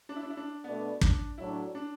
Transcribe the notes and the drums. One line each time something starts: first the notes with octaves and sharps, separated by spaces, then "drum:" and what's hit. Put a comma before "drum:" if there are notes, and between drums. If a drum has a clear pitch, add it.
D4
E4
D4
E4
D4
B2 A3 B3 D4 B4 D5
D4, drum: kick
A2 F#3 D4 E4
D4